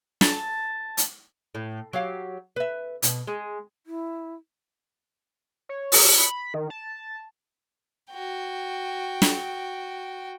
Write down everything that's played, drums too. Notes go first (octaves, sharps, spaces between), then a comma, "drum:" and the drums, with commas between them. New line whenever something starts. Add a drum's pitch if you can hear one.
A5, drum: snare
drum: hi-hat
A2
F#3 G4 F5
B4 E5
B2, drum: hi-hat
G#3
E4
C#5
drum: open hi-hat
B5
D#3
A5
F#4 G5
drum: snare